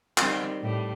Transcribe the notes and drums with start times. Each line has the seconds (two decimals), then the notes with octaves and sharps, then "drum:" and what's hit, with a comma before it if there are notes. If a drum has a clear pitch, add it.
0.18 D#3 G3 C4, drum: clap
0.61 A2 G3